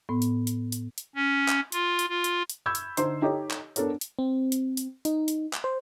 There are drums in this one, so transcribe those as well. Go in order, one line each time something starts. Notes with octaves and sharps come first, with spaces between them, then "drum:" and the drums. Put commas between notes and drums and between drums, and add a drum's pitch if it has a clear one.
A2 B3
drum: hi-hat
drum: hi-hat
drum: hi-hat
drum: hi-hat
C#4
drum: clap
F4, drum: hi-hat
drum: hi-hat
F4
drum: hi-hat
drum: hi-hat
B5 C#6 E6 G6 G#6
drum: hi-hat
D3 D#4 C5 C6, drum: hi-hat
D#4 G4 A4 C#5 D#5
drum: clap
B3 D4 A4 A#4 C#5, drum: hi-hat
drum: hi-hat
C4
drum: hi-hat
drum: hi-hat
D#4, drum: hi-hat
drum: hi-hat
drum: clap
C5